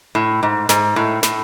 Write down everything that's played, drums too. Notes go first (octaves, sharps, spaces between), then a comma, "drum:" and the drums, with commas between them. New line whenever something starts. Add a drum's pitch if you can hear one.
A2
G#2
G#2, drum: snare
A2
A2, drum: snare